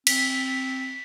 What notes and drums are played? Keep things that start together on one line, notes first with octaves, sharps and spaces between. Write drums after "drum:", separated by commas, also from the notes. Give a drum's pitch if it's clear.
C4 B6, drum: cymbal